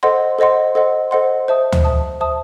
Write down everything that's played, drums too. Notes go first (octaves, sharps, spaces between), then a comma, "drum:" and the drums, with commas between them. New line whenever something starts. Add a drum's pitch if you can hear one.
A4 C5 D#5 F#5 C6
A4 C5 D#5 F#5 C6
A4 C5 D#5 F#5 C6
A4 C5 D#5 F#5 C6
C5 E5 A5 D#6
drum: tom D2
C5 E5 A5 D#6
C5 E5 A5 D#6